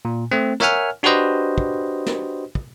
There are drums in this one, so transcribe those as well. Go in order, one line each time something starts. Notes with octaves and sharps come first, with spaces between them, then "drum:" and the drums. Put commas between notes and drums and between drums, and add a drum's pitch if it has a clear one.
A#2
A3 C4
A#4 C#5 E5 F#5 G#5 F6, drum: snare
D4 F#4 G4 B4 C5 D#5
drum: kick
drum: snare
drum: kick